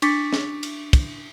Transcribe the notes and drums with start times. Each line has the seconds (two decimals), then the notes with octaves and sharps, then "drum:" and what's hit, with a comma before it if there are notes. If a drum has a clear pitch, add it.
0.02 D4 C#6 D6 A6 B6 C#7, drum: cymbal
0.33 drum: snare
0.63 drum: cymbal
0.93 drum: kick, cymbal